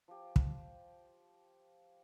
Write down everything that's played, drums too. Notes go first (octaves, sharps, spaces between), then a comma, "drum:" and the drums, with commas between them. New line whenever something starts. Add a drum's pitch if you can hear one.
F3 G4
drum: kick